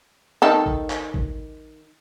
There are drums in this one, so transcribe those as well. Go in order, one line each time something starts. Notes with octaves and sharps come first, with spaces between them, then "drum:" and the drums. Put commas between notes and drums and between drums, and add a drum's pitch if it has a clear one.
D#3 A4 A5
drum: kick A1
drum: clap
drum: kick A1